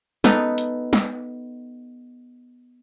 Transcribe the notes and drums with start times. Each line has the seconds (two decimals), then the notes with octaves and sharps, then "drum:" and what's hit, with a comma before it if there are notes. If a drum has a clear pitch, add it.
0.24 B3 D#4 A4 B4, drum: snare
0.58 drum: hi-hat
0.93 drum: snare